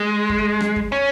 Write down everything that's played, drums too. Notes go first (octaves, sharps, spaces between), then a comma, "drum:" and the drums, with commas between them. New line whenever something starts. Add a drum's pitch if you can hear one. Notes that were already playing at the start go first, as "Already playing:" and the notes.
Already playing: G#3
drum: kick F2
drum: rim click
drum: kick F2
C#4